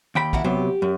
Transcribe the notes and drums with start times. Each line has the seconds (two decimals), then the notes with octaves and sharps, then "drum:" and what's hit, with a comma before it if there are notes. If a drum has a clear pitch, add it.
0.15 D#2 G5 B5
0.33 E4 F#4 A#4, drum: kick
0.44 C3 F#3 B3 G4
0.82 F#2